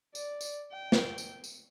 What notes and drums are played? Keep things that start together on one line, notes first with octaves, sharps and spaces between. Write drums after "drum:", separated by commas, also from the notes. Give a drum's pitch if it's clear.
D5, drum: tambourine
drum: tambourine
G5
drum: snare
drum: tambourine
drum: tambourine